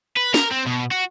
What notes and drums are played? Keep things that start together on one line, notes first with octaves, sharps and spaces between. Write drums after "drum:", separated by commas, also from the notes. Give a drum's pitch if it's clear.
B4
A#4, drum: snare
C4
B2
F#4